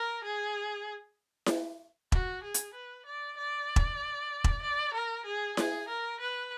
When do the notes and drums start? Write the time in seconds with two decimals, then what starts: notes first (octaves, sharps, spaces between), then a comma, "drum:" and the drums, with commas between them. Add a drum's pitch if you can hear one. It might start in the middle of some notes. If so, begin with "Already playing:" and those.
Already playing: A#4
0.24 G#4
1.46 drum: snare E4
2.12 F#4, drum: kick E1
2.43 G#4
2.54 drum: hi-hat
2.74 B4
3.06 D5
3.37 D5
3.76 drum: kick E1
4.44 drum: kick E1
4.62 D5
4.94 A#4
5.26 G#4
5.57 G#4, drum: snare E4
5.88 A#4
6.20 B4